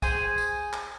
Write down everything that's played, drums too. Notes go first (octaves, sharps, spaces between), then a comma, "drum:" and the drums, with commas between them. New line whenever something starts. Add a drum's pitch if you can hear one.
G#4 C5 G#5, drum: kick, tambourine
drum: tambourine
drum: clap